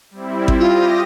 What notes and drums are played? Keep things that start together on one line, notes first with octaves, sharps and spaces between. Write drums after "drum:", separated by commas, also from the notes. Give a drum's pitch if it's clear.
G3 C4 E4
drum: kick G#1
F4 G4 D#6 A#6